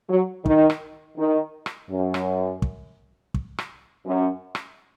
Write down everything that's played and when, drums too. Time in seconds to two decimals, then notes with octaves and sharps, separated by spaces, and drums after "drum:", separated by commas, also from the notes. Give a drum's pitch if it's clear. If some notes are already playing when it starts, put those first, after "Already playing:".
0.09 F#3
0.46 D#3, drum: kick
0.70 drum: rim click
1.18 D#3
1.66 drum: rim click
1.90 F#2
2.14 drum: rim click
2.62 drum: kick
3.34 drum: kick
3.58 drum: rim click
4.06 F#2
4.55 drum: rim click